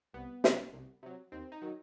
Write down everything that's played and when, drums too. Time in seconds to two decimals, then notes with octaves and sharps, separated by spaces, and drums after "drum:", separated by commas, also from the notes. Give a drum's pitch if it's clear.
0.14 C2 B3
0.44 C3 F#3, drum: snare
0.73 C2
1.03 C3 F#3
1.32 D#2 C4
1.52 D#4
1.62 D#3 F#3